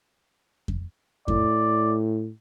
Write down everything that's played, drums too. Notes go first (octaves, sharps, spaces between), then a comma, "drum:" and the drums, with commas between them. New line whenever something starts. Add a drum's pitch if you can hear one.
drum: kick F2
A2 D5, drum: kick F2